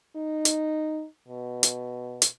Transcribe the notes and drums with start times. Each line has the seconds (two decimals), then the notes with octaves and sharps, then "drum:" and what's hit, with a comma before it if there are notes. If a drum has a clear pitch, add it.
0.16 D#4
0.45 drum: hi-hat
1.28 B2
1.63 drum: hi-hat
2.22 drum: hi-hat